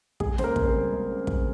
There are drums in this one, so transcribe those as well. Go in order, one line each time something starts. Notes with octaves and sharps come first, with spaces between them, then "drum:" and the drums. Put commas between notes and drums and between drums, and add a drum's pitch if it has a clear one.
C#2 G#4, drum: kick
C#3 C5, drum: snare
A#3 A#4
C#2, drum: kick
A#4
C4 C5
G3
C#2
C#3
C#2, drum: kick